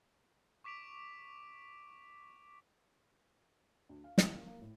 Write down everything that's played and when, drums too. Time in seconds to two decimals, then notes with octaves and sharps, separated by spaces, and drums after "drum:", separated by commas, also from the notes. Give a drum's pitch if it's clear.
0.64 C#6 D6 B6 D7 F7
3.89 D2
4.04 F5
4.18 C#2, drum: snare
4.33 A#3
4.47 A#3
4.61 A2